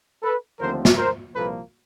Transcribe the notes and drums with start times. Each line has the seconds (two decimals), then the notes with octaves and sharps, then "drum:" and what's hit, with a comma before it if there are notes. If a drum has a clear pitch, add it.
0.23 A4 B4
0.60 D#2 D3 F3 A3 C4 A#4 C5
0.85 drum: snare
0.97 A#4 C5
1.34 C2 A#2 F3 A#3 A4 B4